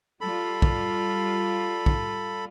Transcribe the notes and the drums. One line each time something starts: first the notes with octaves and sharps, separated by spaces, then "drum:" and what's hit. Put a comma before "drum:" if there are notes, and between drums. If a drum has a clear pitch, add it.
G3 F4 A4 B5
drum: kick
drum: kick